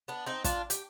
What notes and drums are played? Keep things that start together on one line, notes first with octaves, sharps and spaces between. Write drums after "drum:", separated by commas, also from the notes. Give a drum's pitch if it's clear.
B3 D4
C4 D#4
D4 F4, drum: kick, hi-hat
G4, drum: hi-hat